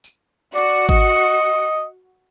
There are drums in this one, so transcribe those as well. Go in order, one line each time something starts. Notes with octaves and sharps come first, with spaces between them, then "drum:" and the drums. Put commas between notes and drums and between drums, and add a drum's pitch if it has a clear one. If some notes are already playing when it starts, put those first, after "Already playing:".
drum: tambourine
F#4 D5 C#7
D#5, drum: kick G#1